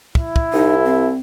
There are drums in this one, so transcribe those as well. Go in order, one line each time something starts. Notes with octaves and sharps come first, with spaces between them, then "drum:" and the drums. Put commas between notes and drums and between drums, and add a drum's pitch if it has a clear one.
E4, drum: kick
drum: kick
C2 D#4
C4